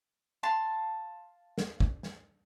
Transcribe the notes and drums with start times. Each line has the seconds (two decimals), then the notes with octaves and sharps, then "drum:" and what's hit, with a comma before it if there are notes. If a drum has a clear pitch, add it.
0.43 F5 A5 C6
1.58 drum: snare
1.80 drum: kick
2.03 drum: snare